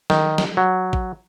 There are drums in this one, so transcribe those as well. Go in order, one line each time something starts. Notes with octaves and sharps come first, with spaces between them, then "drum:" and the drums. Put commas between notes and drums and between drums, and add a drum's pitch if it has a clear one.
D#3, drum: snare
drum: snare
F#3
drum: kick